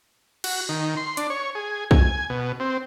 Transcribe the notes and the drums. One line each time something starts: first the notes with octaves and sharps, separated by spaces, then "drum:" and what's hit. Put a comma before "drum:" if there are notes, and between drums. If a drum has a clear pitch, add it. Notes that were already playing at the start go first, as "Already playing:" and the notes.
F#4, drum: cymbal
D#3
C6
D4, drum: hi-hat
C#5
G#4
G#5, drum: kick B1
B2
C4